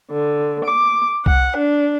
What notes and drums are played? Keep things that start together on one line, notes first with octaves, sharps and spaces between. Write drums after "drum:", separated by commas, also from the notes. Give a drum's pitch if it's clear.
D3
D6
F#5, drum: kick C2
D4